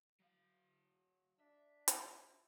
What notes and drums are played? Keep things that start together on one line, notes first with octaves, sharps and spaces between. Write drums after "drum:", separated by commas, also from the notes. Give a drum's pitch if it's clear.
F#3 F5
D4 E5
drum: hi-hat